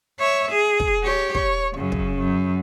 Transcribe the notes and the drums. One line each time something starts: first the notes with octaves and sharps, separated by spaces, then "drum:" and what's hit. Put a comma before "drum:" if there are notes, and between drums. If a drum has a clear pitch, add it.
C#5 E5
G#4
drum: kick
G4 C#5
C#5, drum: kick
F#2 C#3
drum: kick
F#2